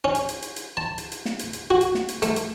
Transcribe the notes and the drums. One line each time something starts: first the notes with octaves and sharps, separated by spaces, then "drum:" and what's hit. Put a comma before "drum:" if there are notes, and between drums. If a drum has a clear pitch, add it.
C#4
drum: hi-hat
drum: hi-hat
drum: hi-hat
drum: hi-hat
A5
drum: hi-hat
drum: hi-hat
drum: snare
drum: hi-hat
drum: hi-hat
F#4
drum: hi-hat
drum: snare
drum: hi-hat
A3, drum: hi-hat
drum: hi-hat